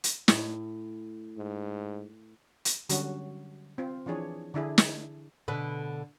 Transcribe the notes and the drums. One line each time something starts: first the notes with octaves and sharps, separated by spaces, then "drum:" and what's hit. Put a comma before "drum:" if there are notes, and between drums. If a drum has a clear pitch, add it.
drum: hi-hat
A2, drum: snare
G#2
drum: hi-hat
D3 F#3 G3 C#4 F#4, drum: hi-hat
C4 F4
E3 F3 D4 G#4 C#5
D3 D4 E4 G#4
drum: snare
B2 D3 B4